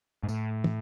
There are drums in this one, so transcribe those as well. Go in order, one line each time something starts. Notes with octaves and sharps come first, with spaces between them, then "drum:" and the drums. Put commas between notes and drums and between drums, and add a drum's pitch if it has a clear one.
G#2
A2, drum: tambourine
drum: tom